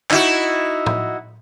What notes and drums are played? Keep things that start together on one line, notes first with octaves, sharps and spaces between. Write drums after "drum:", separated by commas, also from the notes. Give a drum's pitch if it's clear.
D#4 E4 F#4, drum: clap
drum: tom